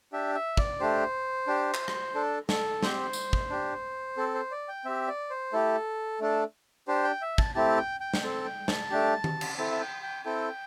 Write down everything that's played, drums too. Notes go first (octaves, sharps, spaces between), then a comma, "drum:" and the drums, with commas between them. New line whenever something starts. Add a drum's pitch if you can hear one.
D4 G4 E5
E5
D5, drum: kick
A3 D4 G4 C5
D4 G4
drum: clap
drum: rim click
D4 A4
A4, drum: snare
C4 G4 C5, drum: snare
drum: tambourine
drum: kick
D4 G4
C4 A4
C5
D5
G5
C4 G4 E5
D5
C5
A3 E4 G4 A4
A3 D4 A4
D4 G4 C5
G5
E5
A5, drum: kick
A3 C4 E4 G4 A5
G5
G5
drum: snare
C4 A4 A5
G5
A5, drum: snare
A3 D4 G4
drum: tom D#3
drum: cymbal
C4 E4 A4 A5
E5
G5
G5
C4 E4 A4 G5